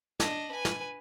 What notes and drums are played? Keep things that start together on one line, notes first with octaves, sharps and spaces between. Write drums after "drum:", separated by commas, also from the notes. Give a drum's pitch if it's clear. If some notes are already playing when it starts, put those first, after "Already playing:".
D4 D#5, drum: snare
B4 G#5
drum: snare